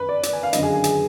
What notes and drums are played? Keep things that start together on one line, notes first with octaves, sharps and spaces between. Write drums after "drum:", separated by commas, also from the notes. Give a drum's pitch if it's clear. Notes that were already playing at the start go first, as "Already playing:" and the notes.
Already playing: F#2 B4
D5
D5, drum: hi-hat
G#5
F5
F#2 D3 F#3 D4 D#5, drum: hi-hat
G#4
G#4
G#4, drum: hi-hat